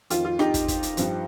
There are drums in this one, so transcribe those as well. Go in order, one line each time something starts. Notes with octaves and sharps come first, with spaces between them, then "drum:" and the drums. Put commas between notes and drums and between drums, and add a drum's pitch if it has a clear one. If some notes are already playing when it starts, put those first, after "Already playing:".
F2 D#3 F4, drum: hi-hat
F4
D#4 G4, drum: rim click
drum: kick, hi-hat
drum: kick, hi-hat
drum: hi-hat
G2 F3, drum: hi-hat